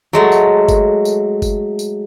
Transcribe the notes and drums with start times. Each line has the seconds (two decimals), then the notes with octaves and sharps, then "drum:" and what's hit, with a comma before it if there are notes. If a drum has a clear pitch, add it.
0.13 F#3 G#3 A3
0.32 drum: tambourine
0.69 drum: kick G1, tambourine
1.05 drum: tambourine
1.42 drum: kick G1, tambourine
1.79 drum: tambourine